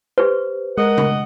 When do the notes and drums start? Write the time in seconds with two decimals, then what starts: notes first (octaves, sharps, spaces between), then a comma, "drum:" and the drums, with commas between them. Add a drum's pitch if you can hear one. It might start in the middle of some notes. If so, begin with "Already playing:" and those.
0.18 G4 B4 C5
0.78 G#3 A#4 D#5 F#5
0.98 drum: tom